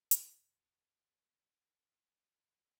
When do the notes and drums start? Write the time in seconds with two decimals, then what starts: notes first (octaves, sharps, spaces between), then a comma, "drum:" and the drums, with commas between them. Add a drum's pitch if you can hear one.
0.11 D#1 G#1 D3, drum: hi-hat